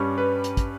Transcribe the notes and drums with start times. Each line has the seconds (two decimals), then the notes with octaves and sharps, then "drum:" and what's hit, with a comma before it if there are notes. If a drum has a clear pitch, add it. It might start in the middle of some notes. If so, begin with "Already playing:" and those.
Already playing: G2 G3 C#4
0.18 B4
0.44 drum: hi-hat
0.57 drum: kick, hi-hat